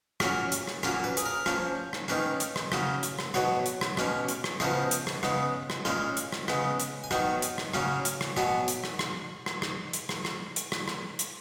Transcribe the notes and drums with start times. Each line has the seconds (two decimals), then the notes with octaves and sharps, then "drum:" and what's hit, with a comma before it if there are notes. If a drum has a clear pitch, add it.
0.20 A#2 F#3 C#4 A#4, drum: rim click
0.52 drum: hi-hat
0.67 drum: rim click
0.83 A#2 F#3 A#3 C#4 A#4, drum: rim click
1.04 B4
1.17 G#4, drum: hi-hat
1.26 A#4
1.46 F3 A#3 C#4, drum: rim click
1.93 drum: rim click
2.08 D#3 A#3 C#4 B4, drum: rim click
2.40 drum: hi-hat
2.56 drum: rim click
2.72 C#3 F#3 A#3, drum: rim click
3.03 drum: hi-hat
3.19 drum: rim click
3.34 B2 F#3 B3 C#5, drum: rim click
3.66 drum: hi-hat
3.81 drum: rim click
3.97 B2 A#3 C#4, drum: rim click
4.28 drum: hi-hat
4.44 drum: rim click
4.60 C#3 F3 B3 D#5, drum: rim click
4.91 drum: hi-hat
5.07 drum: rim click
5.23 C#3 G#3 B3, drum: rim click
5.70 drum: rim click
5.85 A#2 G#3 C#4 F5, drum: rim click
6.17 drum: hi-hat
6.32 drum: rim click
6.48 C#3 G#3 B3, drum: rim click
6.80 drum: hi-hat
7.04 G#5
7.11 D#3 F#3 B3 F#5, drum: rim click
7.42 drum: hi-hat
7.58 drum: rim click
7.73 C#3 F#3 A#3 C#4, drum: rim click
8.05 drum: hi-hat
8.21 drum: rim click
8.37 B2 F#3 B3 G#5, drum: rim click
8.68 drum: hi-hat
8.84 drum: rim click
8.99 drum: rim click
9.46 drum: rim click
9.62 drum: rim click
9.93 drum: hi-hat
10.09 drum: rim click
10.25 drum: rim click
10.56 drum: hi-hat
10.72 drum: rim click
10.88 drum: rim click
11.19 drum: hi-hat